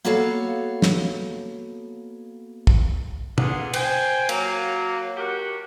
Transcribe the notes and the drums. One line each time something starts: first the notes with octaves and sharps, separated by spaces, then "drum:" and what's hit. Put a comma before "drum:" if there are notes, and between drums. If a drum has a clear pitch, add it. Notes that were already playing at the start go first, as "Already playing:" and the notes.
A#3 B3 F#4 A4 C#5 F5
drum: snare
drum: kick
D3 A#3 B3 D4 F4 G#4, drum: tom
C5 G5 G#5, drum: cymbal
F#3 A#3, drum: cymbal
F#4 G4 A#4 F#5